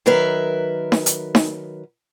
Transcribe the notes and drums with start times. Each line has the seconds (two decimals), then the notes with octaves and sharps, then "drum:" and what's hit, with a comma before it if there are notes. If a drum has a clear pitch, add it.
0.06 D#3 F#3 A#4 B4 E5
0.92 drum: snare D#4
1.06 drum: hi-hat
1.35 drum: snare D#4